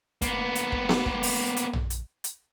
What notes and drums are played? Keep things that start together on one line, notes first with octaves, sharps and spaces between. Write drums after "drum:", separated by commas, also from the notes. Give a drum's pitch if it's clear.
A#3 B3, drum: kick, hi-hat
drum: hi-hat
drum: kick
drum: snare B3
drum: kick
drum: open hi-hat
drum: hi-hat
drum: tom
drum: hi-hat
drum: hi-hat